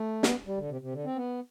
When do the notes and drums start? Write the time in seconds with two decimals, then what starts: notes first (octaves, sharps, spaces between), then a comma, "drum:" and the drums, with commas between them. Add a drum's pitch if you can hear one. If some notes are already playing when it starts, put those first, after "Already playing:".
Already playing: A3
0.23 B3, drum: snare
0.46 G3
0.58 D3
0.69 C3
0.81 C3
0.93 D3
1.05 C4
1.16 B3